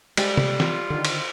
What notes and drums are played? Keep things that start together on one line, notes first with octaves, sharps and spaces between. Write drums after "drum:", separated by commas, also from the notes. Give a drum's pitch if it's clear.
G3 G#3, drum: cymbal
drum: tom C3
F4, drum: snare
D3 D#3
drum: cymbal